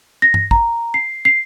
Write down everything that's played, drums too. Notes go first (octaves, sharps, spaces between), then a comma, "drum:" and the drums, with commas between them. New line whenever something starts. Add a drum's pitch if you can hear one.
A#6
drum: tom G2
A#5, drum: kick
C7
C7